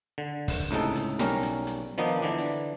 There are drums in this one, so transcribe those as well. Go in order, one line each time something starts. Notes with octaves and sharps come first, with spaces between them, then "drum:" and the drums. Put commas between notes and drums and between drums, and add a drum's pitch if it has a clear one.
D3
drum: kick, open hi-hat
C#2 A2 C3 D#4 A4
drum: hi-hat
B1 G3 C#4 A#4 A#5, drum: snare
drum: hi-hat
drum: hi-hat
D#3 F3 B3 D4 D#4
D3 E3 D4
drum: hi-hat